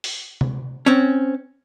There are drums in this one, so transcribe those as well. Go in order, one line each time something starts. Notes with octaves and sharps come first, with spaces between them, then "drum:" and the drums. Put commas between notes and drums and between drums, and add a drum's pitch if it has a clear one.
drum: open hi-hat
drum: tom C3
C4 C#4